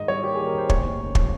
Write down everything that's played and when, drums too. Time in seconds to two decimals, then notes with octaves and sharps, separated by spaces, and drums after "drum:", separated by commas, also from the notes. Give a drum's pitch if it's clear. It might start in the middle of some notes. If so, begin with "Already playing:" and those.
Already playing: G#2 D#3 D#5
0.08 G3 C#5
0.24 A#3 G4
0.35 G#4
0.39 D#3
0.46 A#4
0.54 G#2 C5
0.70 D#2 C#5, drum: kick
0.85 F1
1.00 C#3
1.15 F3, drum: kick